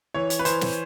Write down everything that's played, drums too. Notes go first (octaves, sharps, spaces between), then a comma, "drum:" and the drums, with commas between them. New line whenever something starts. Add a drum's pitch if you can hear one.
E3 C#5
drum: hi-hat
B4
E3 C5, drum: hi-hat
drum: snare